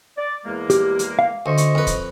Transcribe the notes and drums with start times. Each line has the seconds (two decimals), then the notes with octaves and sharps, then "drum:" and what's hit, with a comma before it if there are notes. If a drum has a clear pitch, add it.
0.17 D5
0.45 E2 G#3 A#3
0.70 G4, drum: hi-hat
0.99 drum: hi-hat
1.19 F5
1.46 D2 C5 D#5 C#6
1.57 drum: hi-hat
1.75 F2 B4
1.87 drum: kick, hi-hat